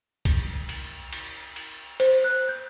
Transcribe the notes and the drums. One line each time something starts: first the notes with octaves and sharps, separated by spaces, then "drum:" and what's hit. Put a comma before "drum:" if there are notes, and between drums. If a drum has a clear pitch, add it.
drum: kick B1, cymbal
drum: cymbal
drum: cymbal
drum: cymbal
C5, drum: cymbal
F#6
G6